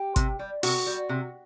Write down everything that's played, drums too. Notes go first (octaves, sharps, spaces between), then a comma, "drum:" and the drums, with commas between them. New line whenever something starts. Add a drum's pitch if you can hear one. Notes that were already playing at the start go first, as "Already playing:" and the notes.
Already playing: G4
C3, drum: kick, hi-hat
G3
C3 F#4, drum: open hi-hat
G3
C3